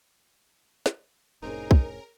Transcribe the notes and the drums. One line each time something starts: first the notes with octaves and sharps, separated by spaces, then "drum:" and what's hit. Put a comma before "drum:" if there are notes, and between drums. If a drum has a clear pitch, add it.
drum: snare
F1 A2 C4 C#4 D#4 G#4 A#4
drum: kick